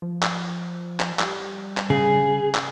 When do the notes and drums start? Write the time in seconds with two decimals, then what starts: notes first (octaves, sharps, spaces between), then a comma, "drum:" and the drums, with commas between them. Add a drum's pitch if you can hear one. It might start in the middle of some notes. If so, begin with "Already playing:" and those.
0.02 F3
0.23 drum: clap
1.00 drum: clap
1.19 G3, drum: clap
1.77 drum: clap
1.90 C#3 G#4
2.55 drum: clap